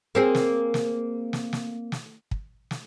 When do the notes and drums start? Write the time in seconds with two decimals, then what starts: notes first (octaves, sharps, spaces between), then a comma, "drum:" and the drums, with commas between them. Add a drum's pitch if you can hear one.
0.15 A#3 C4 G#4
0.35 drum: snare
0.74 drum: snare
1.33 drum: snare
1.53 drum: snare
1.92 drum: snare
2.31 drum: kick
2.71 drum: snare